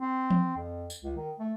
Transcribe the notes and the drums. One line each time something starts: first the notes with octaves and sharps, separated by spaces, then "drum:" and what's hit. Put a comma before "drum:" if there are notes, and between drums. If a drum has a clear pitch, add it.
C4
drum: tom E3
F2
drum: tambourine
C#2
D#3
A3